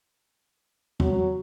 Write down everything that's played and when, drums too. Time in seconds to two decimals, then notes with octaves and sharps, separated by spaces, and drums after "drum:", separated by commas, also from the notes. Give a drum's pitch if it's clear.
1.00 F#3, drum: tom E2